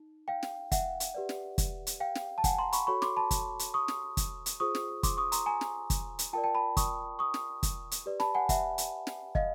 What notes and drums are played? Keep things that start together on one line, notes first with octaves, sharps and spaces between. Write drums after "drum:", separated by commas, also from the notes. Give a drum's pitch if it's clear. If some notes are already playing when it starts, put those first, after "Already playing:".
Already playing: D#4
F5 G5
drum: snare
E5 F#5, drum: kick, hi-hat
drum: hi-hat
G4 B4 D5
drum: snare
drum: kick, hi-hat
drum: hi-hat
F5 G5
drum: snare
A5
F#5 G#5, drum: kick, hi-hat
A#5 C6
B5 C#6, drum: hi-hat
F#4 A4 C#5 B5 C#6
C6 D6, drum: snare
A5 B5
drum: kick, hi-hat
drum: hi-hat
C#6 D#6
drum: snare
drum: kick, hi-hat
drum: hi-hat
F4 G#4 C5 C#6 D#6
drum: snare
C6 D6, drum: kick, hi-hat
C#6 D#6
A#5 C6, drum: hi-hat
G#5 A#5
drum: snare
drum: kick, hi-hat
drum: hi-hat
F4 A#4 D5 G5 A5
G5 A5
A5 B5
C#6 D#6, drum: kick, hi-hat
C#6 D#6
drum: snare
drum: kick, hi-hat
drum: hi-hat
G4 B4 D5
A5 B5, drum: snare
F#5 G#5
E5 F#5, drum: kick, hi-hat
drum: hi-hat
drum: snare
D#5 F5, drum: kick